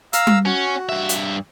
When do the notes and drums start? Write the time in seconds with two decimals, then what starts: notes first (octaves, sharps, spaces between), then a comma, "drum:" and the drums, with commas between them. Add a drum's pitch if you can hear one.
0.13 F5 A#5 E6, drum: hi-hat
0.27 drum: tom G3
0.45 C#4 F#4
0.89 G2 E5
1.09 drum: hi-hat